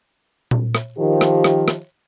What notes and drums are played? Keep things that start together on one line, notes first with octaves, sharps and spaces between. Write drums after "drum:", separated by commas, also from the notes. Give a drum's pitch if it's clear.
drum: tom A#2
drum: rim click
D#3 F3 G4
drum: rim click
drum: rim click
drum: rim click